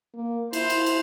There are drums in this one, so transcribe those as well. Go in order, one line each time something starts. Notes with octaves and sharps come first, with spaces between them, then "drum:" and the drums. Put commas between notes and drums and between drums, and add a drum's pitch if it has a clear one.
A#3
E4 C5, drum: cymbal
drum: cymbal
drum: cymbal